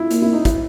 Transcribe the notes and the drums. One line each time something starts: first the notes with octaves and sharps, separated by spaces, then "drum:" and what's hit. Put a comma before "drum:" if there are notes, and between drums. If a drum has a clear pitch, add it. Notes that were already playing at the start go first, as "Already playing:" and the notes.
Already playing: E4 F4
A#3, drum: hi-hat
E4
D#4
E4, drum: kick, hi-hat